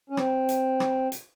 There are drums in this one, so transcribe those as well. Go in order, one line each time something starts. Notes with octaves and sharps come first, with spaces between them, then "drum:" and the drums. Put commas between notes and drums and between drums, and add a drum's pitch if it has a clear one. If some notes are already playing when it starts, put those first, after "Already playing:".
C#4
C4, drum: rim click
drum: hi-hat
drum: rim click
drum: hi-hat